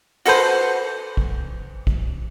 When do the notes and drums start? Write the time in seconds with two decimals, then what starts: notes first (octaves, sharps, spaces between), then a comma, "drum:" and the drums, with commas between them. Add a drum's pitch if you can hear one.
0.25 F#4 A4 B4 C5, drum: cymbal
1.17 drum: kick A1
1.87 drum: kick A1